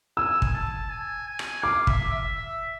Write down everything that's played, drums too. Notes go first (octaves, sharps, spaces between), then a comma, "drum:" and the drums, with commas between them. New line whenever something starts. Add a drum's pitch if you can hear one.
G#5 E6
drum: kick
A5
G#5
G#5
drum: rim click
F5 D6
E5, drum: kick
E5
E5